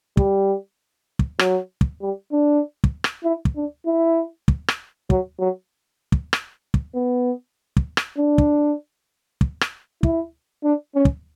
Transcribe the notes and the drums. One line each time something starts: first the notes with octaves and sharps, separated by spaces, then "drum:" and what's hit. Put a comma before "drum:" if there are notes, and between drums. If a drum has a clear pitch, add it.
G3, drum: kick
drum: kick
F#3, drum: rim click
drum: kick
G3
D4
drum: kick
drum: rim click
E4
drum: kick
D4
E4
drum: kick
drum: rim click
F#3, drum: kick
F#3
drum: kick
drum: rim click
drum: kick
B3
drum: kick
drum: rim click
D4
drum: kick
drum: kick
drum: rim click
E4, drum: kick
D4
C#4
drum: kick